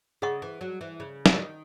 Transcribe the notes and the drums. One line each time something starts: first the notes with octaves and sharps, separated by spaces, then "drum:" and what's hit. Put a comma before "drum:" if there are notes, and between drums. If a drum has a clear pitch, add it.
C#3 G#4 D#5 F#5 C#6
E3
F#3
E3
C#3
drum: snare
D#3